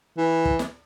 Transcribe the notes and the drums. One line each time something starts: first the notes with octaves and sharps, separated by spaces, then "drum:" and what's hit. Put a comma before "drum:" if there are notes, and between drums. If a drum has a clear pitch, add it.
E3
drum: kick
drum: snare